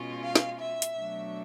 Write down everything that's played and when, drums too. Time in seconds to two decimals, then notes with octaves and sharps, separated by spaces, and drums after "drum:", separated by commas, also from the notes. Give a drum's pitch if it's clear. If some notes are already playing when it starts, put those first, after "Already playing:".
Already playing: B2 G#3 C#4 F4
0.24 F5
0.35 drum: snare
0.59 E5
0.82 drum: hi-hat
0.95 B2 F#3 A3 D4